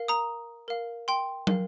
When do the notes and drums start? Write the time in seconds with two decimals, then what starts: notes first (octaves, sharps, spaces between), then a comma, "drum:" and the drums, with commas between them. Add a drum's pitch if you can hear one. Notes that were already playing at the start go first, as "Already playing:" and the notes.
Already playing: A#4 F5
0.08 A#5 D#6
0.68 A#4 F5
1.08 G5 C6
1.47 A#4 F5, drum: tom